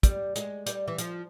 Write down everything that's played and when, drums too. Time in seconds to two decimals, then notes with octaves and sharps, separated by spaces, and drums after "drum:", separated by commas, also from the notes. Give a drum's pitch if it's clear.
0.03 G3, drum: kick, hi-hat
0.36 G#3, drum: hi-hat
0.66 G3, drum: hi-hat
0.88 E3
0.98 F3, drum: hi-hat